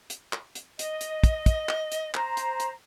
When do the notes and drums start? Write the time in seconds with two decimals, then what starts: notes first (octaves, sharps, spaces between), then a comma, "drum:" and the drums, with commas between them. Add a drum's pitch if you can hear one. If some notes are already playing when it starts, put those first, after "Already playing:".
0.10 drum: hi-hat
0.33 drum: clap
0.55 drum: hi-hat
0.79 D#5, drum: hi-hat
1.01 drum: hi-hat
1.24 drum: kick, hi-hat
1.46 drum: kick, hi-hat
1.69 drum: clap
1.92 drum: hi-hat
2.14 C5 A#5, drum: clap
2.37 drum: hi-hat
2.60 drum: hi-hat